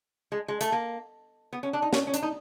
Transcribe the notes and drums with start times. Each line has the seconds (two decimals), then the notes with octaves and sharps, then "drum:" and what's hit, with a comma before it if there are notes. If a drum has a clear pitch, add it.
0.32 G#3
0.48 G#3
0.61 A3, drum: hi-hat
0.72 A#3
1.53 B3
1.63 C#4
1.73 D4
1.82 D#4
1.93 C#4, drum: snare
2.07 C#4
2.14 D4, drum: hi-hat
2.22 D#4